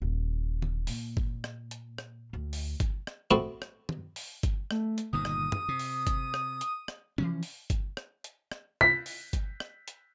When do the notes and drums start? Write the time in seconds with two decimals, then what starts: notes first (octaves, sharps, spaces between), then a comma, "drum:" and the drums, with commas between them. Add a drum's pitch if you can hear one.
0.02 D#1
0.62 drum: tom
0.87 A#2, drum: open hi-hat
1.17 drum: kick G1
1.44 drum: rim click
1.71 drum: hi-hat
1.98 drum: rim click
2.33 D2
2.53 drum: open hi-hat
2.80 drum: kick G1, hi-hat
3.07 drum: rim click
3.31 A3 B3 C4 F#4 B4
3.62 drum: rim click
3.89 drum: tom
4.16 drum: open hi-hat
4.43 drum: kick G1, hi-hat
4.71 A3, drum: rim click
4.98 drum: hi-hat
5.13 G1 A#2 D#3 D#6
5.25 drum: rim click
5.52 drum: tom
5.68 C3
5.79 drum: open hi-hat
6.07 drum: kick G1, hi-hat
6.34 drum: rim click
6.61 drum: hi-hat
6.88 drum: rim click
7.18 E3 F3 C#4, drum: tom C3
7.43 drum: open hi-hat
7.70 drum: kick G1, hi-hat
7.97 drum: rim click
8.24 drum: hi-hat
8.52 drum: rim click
8.81 B6, drum: tom C3
9.06 drum: open hi-hat
9.33 drum: kick G1, hi-hat
9.60 drum: rim click
9.88 drum: hi-hat